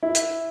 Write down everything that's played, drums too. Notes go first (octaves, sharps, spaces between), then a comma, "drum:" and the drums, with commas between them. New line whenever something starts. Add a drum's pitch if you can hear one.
E4
drum: hi-hat